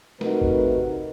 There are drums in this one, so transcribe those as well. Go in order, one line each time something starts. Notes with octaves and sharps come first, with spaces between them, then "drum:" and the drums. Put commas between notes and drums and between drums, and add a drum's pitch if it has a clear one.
C3 A3 D#4 F#4 A#4 B4, drum: snare
drum: kick